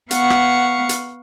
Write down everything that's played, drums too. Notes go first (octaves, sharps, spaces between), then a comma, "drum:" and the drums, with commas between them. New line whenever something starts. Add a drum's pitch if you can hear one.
B3 F5 F#5 C#6, drum: hi-hat
drum: rim click
drum: hi-hat